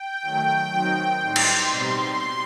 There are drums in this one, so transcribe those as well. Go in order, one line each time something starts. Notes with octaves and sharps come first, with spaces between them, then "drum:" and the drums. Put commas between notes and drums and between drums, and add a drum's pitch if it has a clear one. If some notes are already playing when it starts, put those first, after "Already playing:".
Already playing: G5
D#3 F#3 A3
D#3 F#3 C4 D#4
A2 G3 D#4 C6
drum: cymbal
B2 G3 C4 D#4 C6